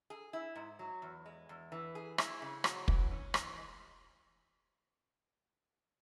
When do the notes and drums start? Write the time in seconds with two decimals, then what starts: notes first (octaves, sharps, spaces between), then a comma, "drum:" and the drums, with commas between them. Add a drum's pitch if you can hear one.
0.10 G#4
0.33 E4
0.56 G#2
0.79 F#3
1.02 E2
1.26 G#3
1.49 E2
1.72 E3
1.95 G#4
2.18 E4, drum: rim click
2.42 C#3
2.64 F#3, drum: rim click
2.88 E3, drum: kick
3.11 C#4
3.34 E3, drum: rim click
3.58 G#3